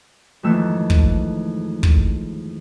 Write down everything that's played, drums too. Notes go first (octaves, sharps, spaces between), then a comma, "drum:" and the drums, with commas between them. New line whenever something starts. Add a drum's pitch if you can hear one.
F2 G#2 D#3 E3 A3 E6
drum: kick
drum: kick